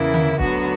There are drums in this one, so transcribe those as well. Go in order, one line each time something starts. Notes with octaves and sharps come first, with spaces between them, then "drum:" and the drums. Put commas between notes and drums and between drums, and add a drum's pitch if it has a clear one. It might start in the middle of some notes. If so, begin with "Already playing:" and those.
Already playing: E2 C#3 E3 A#3 E4
drum: tom D3
D2 D3 F#3 B3 F#4, drum: kick